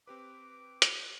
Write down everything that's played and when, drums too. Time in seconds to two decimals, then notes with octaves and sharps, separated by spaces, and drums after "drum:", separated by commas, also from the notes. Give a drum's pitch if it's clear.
0.07 C4 G4 B4 D6
0.82 drum: hi-hat